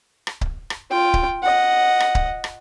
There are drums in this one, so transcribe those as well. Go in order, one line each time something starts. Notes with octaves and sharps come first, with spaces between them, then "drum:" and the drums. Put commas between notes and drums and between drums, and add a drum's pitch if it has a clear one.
drum: rim click
drum: kick C#1
drum: rim click
F4 G5
drum: kick C#1
D#5 F#5
drum: rim click
drum: kick C#1
drum: rim click